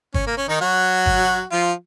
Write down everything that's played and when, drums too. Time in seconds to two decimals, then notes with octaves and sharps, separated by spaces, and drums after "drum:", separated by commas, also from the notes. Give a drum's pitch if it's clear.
0.14 C#4, drum: kick
0.27 A#3
0.38 C#4
0.48 D#3 D#4
0.60 F#3 F#4
1.06 drum: kick
1.52 F3 F4